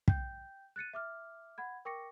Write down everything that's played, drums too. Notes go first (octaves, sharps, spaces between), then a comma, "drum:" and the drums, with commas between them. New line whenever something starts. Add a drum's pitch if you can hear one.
G5 G6, drum: kick
F#6 A6 C#7 D#7
E5 D6 F6
F#5 B5 G#6
A#4 G5 C#6 D6 A#6 C#7